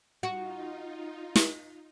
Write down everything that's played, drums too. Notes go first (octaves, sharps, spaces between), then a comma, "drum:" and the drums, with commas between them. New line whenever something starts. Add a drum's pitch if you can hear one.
D#4 F4 F#4
drum: snare